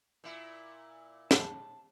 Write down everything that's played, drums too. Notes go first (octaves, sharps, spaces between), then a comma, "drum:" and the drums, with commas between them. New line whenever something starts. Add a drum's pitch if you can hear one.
A#2 E4
A5, drum: snare